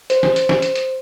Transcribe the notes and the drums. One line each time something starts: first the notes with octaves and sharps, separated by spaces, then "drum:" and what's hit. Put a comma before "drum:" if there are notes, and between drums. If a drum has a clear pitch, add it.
C5, drum: hi-hat
drum: snare
drum: hi-hat
drum: snare
drum: hi-hat
drum: hi-hat